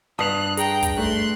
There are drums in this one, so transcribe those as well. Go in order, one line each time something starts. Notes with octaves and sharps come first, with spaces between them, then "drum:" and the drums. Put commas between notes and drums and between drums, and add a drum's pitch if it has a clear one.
G2 A5 D#6 F#6 C7 F7
G#4 G5 A#5, drum: hi-hat
drum: kick, hi-hat
A3 C6 F#6